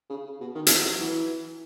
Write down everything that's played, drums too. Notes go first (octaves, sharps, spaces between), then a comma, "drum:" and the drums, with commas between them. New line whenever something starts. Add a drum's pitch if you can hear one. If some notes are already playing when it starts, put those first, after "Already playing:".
C#3
C#3
B2
D#3
E3, drum: hi-hat
F#3
F#3
E3